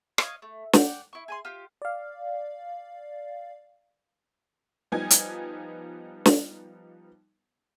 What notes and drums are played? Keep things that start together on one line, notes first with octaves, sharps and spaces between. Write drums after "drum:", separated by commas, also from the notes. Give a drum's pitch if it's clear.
C#5 D#5 F5, drum: rim click
A3
D5 F#5 G5, drum: snare
E4 C#6
G#4 G#5 C6
F4 G4
D5 F5
F3 G3 B3 D#4 G#5 G#6
drum: hi-hat
drum: snare